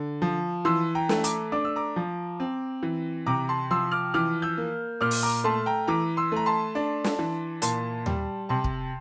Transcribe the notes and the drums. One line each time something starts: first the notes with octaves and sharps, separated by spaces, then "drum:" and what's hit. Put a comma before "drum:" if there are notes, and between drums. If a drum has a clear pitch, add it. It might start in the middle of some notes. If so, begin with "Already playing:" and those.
Already playing: D3
F3
E3 C6 E6
G5 A#5
A3, drum: snare
A#5 D6, drum: hi-hat
D4 D6
E6
A#5 D6
F3
C4
E3
C3 A#5 D6
A5 C6
F3 C6 E6
D6 F6
E3 D6 F6
E6 G6
A#3
A#2 D6 F6
drum: open hi-hat
A#5 D6
A3 A5 C6
G5 A#5
E3 A#5 D6
C6 E6
A3 A#5
A5 C6
D4
drum: snare
E3
A#2 A5 C6, drum: hi-hat
G3, drum: tom D#2
C3 A5 C6
drum: kick